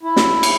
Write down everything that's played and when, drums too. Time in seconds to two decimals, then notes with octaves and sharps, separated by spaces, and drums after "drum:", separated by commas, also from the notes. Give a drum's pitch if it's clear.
0.03 E4
0.16 drum: snare
0.43 drum: cymbal